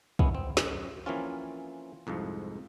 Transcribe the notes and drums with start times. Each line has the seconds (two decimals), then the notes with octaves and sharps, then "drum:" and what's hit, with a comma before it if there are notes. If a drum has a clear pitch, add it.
0.19 G#3 B3 C#4 E4, drum: kick
0.35 C4
0.57 F#2, drum: snare
1.06 E3 F3 A#3 C4 C#4 F4
2.07 C2 F2 G#2 F3